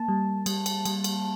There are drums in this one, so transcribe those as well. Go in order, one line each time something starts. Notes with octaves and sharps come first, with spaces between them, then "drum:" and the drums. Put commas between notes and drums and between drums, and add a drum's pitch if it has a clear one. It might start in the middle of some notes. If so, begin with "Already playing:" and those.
Already playing: A#3 A5
G3
G3, drum: cymbal
drum: cymbal
G3, drum: cymbal
drum: cymbal